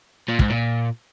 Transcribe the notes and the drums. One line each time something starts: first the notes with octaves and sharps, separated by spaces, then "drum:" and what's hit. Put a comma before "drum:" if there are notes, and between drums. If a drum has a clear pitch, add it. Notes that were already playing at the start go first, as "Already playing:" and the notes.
A#2
G#2, drum: kick
A#2